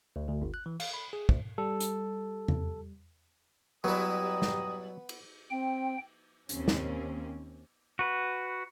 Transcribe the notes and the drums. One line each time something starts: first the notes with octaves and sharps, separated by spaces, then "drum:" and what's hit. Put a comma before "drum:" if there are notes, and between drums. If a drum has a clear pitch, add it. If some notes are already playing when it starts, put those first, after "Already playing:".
D2
D2
G1
F#6
E3
F5, drum: cymbal
B5
G#4
D2, drum: kick
G3 A4
drum: hi-hat
drum: tom E2
F#3 G3 B3 E4 G4 B4 A#5 D#6
drum: snare
drum: cymbal
C4 G5
D#2 C4 C#4, drum: hi-hat
drum: snare
F#4 B4